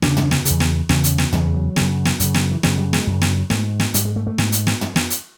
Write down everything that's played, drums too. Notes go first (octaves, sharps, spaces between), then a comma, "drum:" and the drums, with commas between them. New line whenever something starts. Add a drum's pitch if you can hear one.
E2 C#3 D4, drum: snare
drum: tom
drum: snare
C#3, drum: hi-hat
E2
drum: snare
E2 C#3 C#4, drum: snare
drum: hi-hat
drum: snare
E2 C#3, drum: tom
F#3
F#2 C#3, drum: snare
drum: snare
F#2 C#3, drum: hi-hat
drum: snare
E3
F#2 C#3 F3, drum: snare
G3
G#3, drum: snare
F#2 C#3
drum: snare
G#2 A3, drum: snare
drum: snare
G#2 G3, drum: hi-hat
G#3
A3
A3
G#2, drum: snare
drum: hi-hat
drum: snare
drum: tom
drum: snare
drum: hi-hat